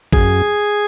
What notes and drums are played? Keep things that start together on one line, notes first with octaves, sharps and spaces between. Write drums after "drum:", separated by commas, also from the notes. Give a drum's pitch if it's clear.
F#2 G#4, drum: kick G#1